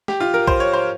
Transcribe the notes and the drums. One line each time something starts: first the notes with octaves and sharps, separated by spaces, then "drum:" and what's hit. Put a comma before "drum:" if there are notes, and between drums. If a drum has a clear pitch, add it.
G4, drum: snare
F4
A#4
C5, drum: kick A#1
C#5
C5